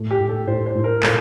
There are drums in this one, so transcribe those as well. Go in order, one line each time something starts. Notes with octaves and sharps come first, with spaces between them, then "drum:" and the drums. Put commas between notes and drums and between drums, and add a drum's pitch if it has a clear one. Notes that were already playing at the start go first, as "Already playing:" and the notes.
Already playing: A2 A3
G4
A2
A4
A2 C5
C5
A2
A#4
A#2 A4, drum: clap